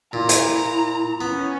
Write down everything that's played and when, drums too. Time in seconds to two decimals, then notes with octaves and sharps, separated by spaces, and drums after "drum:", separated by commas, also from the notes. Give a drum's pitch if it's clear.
0.13 A#2 E4 A#5
0.29 drum: hi-hat
1.21 B3 C#4